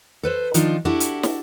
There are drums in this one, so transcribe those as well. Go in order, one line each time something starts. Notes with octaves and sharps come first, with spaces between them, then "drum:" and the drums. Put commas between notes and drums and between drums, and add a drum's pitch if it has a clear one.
A4 B4 C5
D#3 F3 D4 D#4 F4, drum: hi-hat
D4 E4 F#4 G4 A4
drum: hi-hat
drum: snare